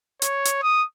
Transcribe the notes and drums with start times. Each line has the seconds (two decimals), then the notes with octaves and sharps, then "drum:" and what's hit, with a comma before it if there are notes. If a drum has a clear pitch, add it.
0.22 C#5, drum: hi-hat
0.45 drum: hi-hat
0.62 D#6